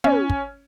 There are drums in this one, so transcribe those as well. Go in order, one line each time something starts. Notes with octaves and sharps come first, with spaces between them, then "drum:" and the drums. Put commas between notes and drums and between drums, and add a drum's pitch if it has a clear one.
C#4, drum: tom
drum: kick